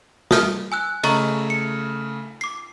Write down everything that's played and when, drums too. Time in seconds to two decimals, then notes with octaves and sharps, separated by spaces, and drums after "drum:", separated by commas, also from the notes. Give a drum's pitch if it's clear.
0.31 D#6 F6 G6, drum: snare
0.72 G#5 E6 F#6
1.03 C#3 A3 D#5 A#5 C#6, drum: cymbal
1.50 C#7
2.41 D6 C7